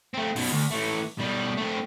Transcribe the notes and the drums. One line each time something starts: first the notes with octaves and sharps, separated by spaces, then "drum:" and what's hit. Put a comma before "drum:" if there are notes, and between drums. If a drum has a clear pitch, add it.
A3 C4
F#2 B2, drum: open hi-hat
D2
E3 A3
B2 G3
A3 C4